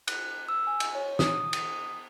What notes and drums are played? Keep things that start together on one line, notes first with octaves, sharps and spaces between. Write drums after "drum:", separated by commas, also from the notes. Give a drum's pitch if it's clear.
F#6, drum: cymbal
E6
G#5
drum: cymbal
C#5
D#6, drum: snare
drum: cymbal